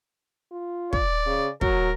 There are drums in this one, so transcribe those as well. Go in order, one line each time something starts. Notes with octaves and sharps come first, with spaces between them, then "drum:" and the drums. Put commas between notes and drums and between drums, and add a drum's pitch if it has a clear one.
F4
D5, drum: kick
C#3
F#3 A#4, drum: kick